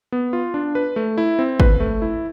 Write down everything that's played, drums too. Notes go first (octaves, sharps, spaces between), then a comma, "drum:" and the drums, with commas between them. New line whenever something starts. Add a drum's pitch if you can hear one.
B3
F4
D4
B4
A3
E4
C4
B4, drum: kick
A3
E4